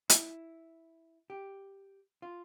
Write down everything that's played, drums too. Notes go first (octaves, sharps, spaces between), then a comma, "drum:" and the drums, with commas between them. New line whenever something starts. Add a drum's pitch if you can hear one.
E4, drum: hi-hat
G4
F4